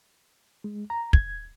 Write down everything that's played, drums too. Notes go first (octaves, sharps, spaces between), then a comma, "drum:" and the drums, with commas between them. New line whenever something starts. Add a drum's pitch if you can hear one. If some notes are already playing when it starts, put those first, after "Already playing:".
G#3
A#5
G#6, drum: kick